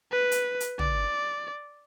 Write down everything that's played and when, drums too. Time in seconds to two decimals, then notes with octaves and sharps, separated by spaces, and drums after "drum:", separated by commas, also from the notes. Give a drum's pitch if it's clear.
0.12 B4
0.31 drum: hi-hat
0.60 drum: hi-hat
0.79 D5, drum: tom